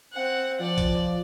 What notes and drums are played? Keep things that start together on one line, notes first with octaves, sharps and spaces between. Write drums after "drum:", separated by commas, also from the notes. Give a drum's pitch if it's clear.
C4 F#5
F3 D5
drum: kick B1, hi-hat